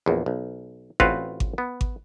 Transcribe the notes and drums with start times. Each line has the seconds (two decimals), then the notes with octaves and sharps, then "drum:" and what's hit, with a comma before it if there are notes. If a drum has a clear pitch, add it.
0.06 A#1 E2
0.26 B1
1.00 A1 C4 F4 F#4 B4 F5, drum: kick G#1
1.40 drum: kick G#1
1.58 B3
1.81 drum: kick G#1